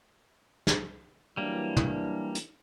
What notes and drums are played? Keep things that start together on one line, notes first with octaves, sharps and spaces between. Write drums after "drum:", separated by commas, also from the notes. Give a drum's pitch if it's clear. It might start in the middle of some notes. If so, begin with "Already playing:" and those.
drum: snare
E3 F#3 G3 A#3 D4
drum: tom
drum: hi-hat